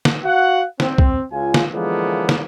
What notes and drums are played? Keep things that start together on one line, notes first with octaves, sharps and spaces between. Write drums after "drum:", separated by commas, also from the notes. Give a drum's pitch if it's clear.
drum: snare
F#4 F5 F#5
C4, drum: snare
drum: kick
C#2 F4 G#5
drum: snare
D3 E3 F3 G#3 A#3 B3
drum: snare